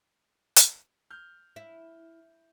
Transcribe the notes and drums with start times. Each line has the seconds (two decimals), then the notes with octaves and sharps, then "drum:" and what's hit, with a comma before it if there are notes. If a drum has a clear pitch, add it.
0.56 drum: hi-hat
1.10 F6 G6
1.56 E4